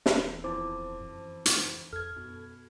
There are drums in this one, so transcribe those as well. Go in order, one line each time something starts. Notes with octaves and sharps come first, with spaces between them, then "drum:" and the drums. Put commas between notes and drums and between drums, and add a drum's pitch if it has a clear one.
D#1 E3 B3 A4, drum: snare
F2 E4 C5 A5 D6
F#2 E3
drum: hi-hat
F2 A4 F6 G#6
F#2 B2